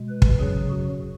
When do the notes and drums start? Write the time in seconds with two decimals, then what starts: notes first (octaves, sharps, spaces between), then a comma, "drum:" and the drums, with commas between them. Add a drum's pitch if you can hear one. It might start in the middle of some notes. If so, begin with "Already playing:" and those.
Already playing: B2 G#3
0.09 B4
0.22 drum: kick
0.39 F#2 C#3 F#3 G#4
0.70 F#4